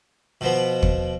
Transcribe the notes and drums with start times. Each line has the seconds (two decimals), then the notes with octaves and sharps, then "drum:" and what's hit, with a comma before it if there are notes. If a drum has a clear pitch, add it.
0.41 B2 F3 B3
0.82 drum: kick